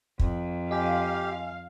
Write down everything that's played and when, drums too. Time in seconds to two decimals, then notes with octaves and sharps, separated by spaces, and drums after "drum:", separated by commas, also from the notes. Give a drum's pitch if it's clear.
0.19 F2, drum: kick
0.71 G4 D#5 F5 G#5